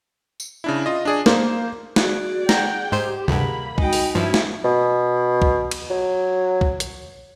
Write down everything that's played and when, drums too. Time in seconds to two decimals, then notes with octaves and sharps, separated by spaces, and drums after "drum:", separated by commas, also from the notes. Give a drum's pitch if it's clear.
0.40 drum: tambourine
0.64 C#3 D4 E4
0.86 F4 D#5
1.05 D4 G#4 D5
1.26 A#3 C5, drum: snare
1.96 F#4 G#4 D5, drum: snare
2.49 G#4 F#5 G5 A#5, drum: snare
2.92 G#2 G4 C5
3.28 D2 G2 A#3 G#4 F#5 B5, drum: tom C3
3.78 G#3 D#4 F#4 D#5 G5, drum: kick
3.93 drum: open hi-hat
4.15 G2 F3 C#4 E4
4.34 drum: snare
4.64 B2
5.42 drum: kick
5.71 drum: cymbal
5.90 F#3
6.61 drum: kick
6.80 drum: hi-hat